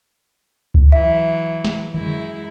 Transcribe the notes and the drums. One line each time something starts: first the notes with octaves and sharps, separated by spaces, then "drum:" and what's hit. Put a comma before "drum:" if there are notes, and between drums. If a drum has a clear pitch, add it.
drum: kick C#2
E3 F#3 E5
drum: snare
F#2 G#3 E4, drum: tom D3